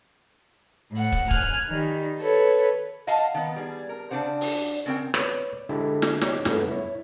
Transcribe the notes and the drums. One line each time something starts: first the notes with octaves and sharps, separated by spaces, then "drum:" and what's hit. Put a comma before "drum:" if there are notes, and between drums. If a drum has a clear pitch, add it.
A2 F#5
drum: kick
G#5 F6 F#6, drum: kick
D#3 G3
A4 B4 C#5
D#5 F5 F#5 A5, drum: hi-hat
D#3 B3
G3 G#4
A#4
C#3 D4 C5 F#5
drum: open hi-hat
C#3 C4 A#4 G5
B4 C#5 D5, drum: rim click
D3 G#3 D4 E4 G4 A4
drum: snare
D#4 G4 C#5 D5, drum: snare
G2 C#3 A3 B3, drum: snare
E4 C#5